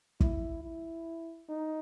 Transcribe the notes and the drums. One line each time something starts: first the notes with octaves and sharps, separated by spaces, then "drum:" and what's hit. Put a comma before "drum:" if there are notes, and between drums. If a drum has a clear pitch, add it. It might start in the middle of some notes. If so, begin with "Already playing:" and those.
E4, drum: kick
E4
D#4